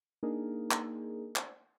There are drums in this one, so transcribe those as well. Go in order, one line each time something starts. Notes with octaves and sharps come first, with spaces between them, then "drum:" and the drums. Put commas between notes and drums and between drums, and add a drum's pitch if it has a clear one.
A#3 D4 D#4 G#4 A#4
drum: clap
drum: clap